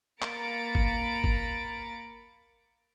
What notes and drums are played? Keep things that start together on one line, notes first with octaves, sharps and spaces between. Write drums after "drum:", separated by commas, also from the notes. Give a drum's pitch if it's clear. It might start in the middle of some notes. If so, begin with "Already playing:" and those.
A#3 A#5 B5 A6 C#7 D7, drum: clap
drum: kick G1
drum: kick G1